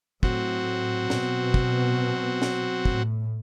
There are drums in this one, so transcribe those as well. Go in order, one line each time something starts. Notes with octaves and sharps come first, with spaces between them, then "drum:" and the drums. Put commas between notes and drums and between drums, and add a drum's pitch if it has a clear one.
A2 F#3 C4 F#4, drum: kick
B2, drum: snare
drum: kick
drum: snare
A2, drum: kick